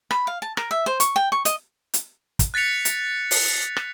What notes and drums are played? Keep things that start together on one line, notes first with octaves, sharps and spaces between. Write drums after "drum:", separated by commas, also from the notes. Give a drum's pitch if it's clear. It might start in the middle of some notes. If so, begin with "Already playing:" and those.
B5, drum: rim click
F5
A5
A#4, drum: rim click
E5
C5
C#6, drum: hi-hat
G5
C#6
D#5, drum: hi-hat
drum: hi-hat
drum: kick, hi-hat
F#6 A6 B6 C#7 F7
drum: hi-hat
drum: open hi-hat
drum: rim click